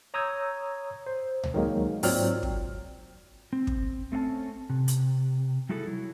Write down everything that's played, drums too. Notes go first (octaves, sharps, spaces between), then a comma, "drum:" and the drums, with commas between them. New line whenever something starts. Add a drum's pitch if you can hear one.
C#5 A#5 D#6 E6 G6 G#6
C5
drum: tom C#2
D#3 F#3 G#3 A#3
G#2 F#3 C4 F4 D5 F6, drum: open hi-hat
drum: kick
C4
drum: kick
A3 C4 C#4 F5 A5
C3
drum: hi-hat
G3 E4 F#4 G#4 A4
F#3 E4